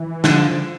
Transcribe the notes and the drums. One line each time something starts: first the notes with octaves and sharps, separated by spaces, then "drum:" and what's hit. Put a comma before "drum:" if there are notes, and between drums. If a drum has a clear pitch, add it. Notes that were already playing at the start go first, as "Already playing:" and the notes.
Already playing: E3
D3 F3, drum: snare